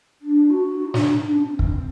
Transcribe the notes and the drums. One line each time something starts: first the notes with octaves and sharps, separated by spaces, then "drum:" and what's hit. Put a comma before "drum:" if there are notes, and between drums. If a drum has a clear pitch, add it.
D4
F#4
D#4
D4, drum: snare
D#4
D4
C4
drum: kick